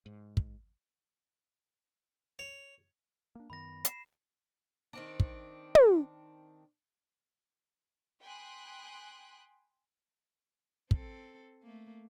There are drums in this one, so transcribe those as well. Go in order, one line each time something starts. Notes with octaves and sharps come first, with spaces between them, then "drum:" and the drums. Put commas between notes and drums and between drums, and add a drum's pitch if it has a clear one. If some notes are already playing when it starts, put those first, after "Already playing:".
G#2
drum: kick
C#5
A#3 D4
F#2 D#3 B3 B5 A#6
C7 E7, drum: hi-hat
D#3 C4 D4
drum: kick
drum: tom
G5 G#5 B5 C6 D#6 F#6
C4 A4, drum: kick
A3 A#3